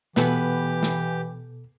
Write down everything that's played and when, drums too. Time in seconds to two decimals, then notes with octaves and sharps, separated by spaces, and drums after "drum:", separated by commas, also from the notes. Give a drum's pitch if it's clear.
0.16 B2 E3 B3 G4 A4 B4, drum: snare
0.83 drum: snare